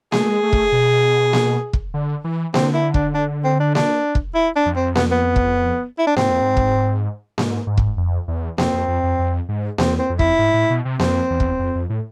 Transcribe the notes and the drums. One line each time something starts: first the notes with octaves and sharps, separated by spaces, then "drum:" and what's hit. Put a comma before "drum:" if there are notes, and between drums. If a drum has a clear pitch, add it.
G#3 G#4, drum: snare A#3
A3
G#3
A3
drum: kick
B2
drum: snare A#3
drum: kick
D3
E3
D3 C4, drum: snare A#3
E4
D4, drum: kick
D4
C4
D4
D4, drum: snare A#3
drum: kick
E4
D4
F2
C4
B3, drum: snare A#3
B3
drum: kick
E4
D4
G#2 C4, drum: snare A#3
F2
G#2
drum: kick
G#2, drum: snare A#3
G#2
drum: kick
F2
E2
F2 C4, drum: snare A#3
F2
F2
F2
F2
G#2
E2 C4, drum: snare A#3
C4
F2
E4, drum: kick
G#2
A2
B2
C3
F2 C4, drum: snare A#3
E2
drum: kick
F2
F2
A2